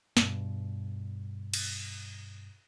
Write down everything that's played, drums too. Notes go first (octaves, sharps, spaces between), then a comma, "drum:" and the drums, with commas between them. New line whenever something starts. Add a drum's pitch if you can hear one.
G2 B2, drum: snare
drum: cymbal